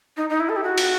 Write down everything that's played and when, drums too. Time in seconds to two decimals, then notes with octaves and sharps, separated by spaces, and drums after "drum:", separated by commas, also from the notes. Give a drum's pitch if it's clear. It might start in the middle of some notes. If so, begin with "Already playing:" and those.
0.17 D#4
0.30 D#4
0.40 E4
0.49 A4
0.56 G4
0.64 F#4
0.78 drum: cymbal